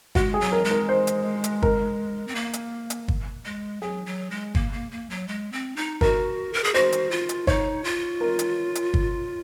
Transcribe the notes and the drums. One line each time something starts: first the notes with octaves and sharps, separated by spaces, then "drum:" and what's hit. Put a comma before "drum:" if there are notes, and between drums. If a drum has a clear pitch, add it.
G#3 F#4, drum: kick G1
G#4
F#3
A#4
G#3
A#4
C5
drum: hi-hat
drum: hi-hat
A#4, drum: kick G1
C4
A#3
drum: hi-hat
drum: hi-hat
drum: kick G1
G#3
F#3 G#4
F#3
G#3
A#3, drum: kick G1
A#3
A#3
F#3
G#3
C4
D#4
F#4 A#4, drum: kick G1
A#4
G#4
F#4 C5
drum: hi-hat
F4
drum: hi-hat
D#4 C#5, drum: kick G1
F4
A#4
drum: hi-hat
drum: hi-hat
drum: kick G1